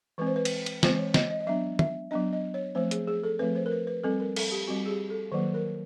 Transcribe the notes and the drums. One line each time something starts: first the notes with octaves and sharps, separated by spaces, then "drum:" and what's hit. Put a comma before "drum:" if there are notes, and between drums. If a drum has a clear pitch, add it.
E3 G#3 C4 B4
C5
B4
drum: cymbal
drum: cymbal
E3 G#3 C4 C5, drum: snare
C#5
D#5, drum: snare
D#5
D#5
F#3 B3 D4 E5
E5, drum: tom
F#3 B3 D4 D#5
D#5
C#5
F3 A3 C4 C5
G#4, drum: hi-hat
G#4
A4
F3 A3 C4 B4
C5
A#4
B4
B4
G3 C4 A4
A#4
A4, drum: cymbal
G4
G3 C4 F#4
G#4
G4
A4
D#3 F#3 A#3 B4
A#4